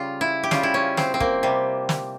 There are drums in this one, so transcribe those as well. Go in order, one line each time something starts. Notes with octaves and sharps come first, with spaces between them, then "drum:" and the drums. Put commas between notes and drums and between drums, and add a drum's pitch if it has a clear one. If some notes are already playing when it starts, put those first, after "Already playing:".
Already playing: C#3 G3 F4
E4
G4
C#3 G3 F4, drum: snare
E4
C#4
C4, drum: snare
C4
A#3, drum: kick
C3 G3
drum: snare